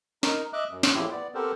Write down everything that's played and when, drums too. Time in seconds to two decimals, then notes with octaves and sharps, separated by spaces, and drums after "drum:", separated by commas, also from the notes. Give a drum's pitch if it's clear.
0.23 D#4 A#4, drum: snare
0.53 D#5 E5 D6 F#6
0.71 F#2
0.83 drum: snare
0.94 E2 A2 F3 E4 G4 C6
1.11 B3 D5
1.34 B3 C4 G4 A4 A#4 C5